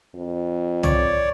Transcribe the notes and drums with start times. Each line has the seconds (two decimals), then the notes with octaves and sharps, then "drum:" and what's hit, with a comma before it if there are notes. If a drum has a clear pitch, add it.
0.15 F2
0.83 C#5 D5, drum: tom